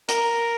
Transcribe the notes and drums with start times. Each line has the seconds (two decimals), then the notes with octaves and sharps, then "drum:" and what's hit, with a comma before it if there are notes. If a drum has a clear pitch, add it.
0.09 A#4, drum: hi-hat